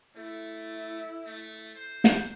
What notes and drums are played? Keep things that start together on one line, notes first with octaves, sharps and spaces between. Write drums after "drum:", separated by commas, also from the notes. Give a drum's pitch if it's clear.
A3 E4 A4
A3
C5
drum: snare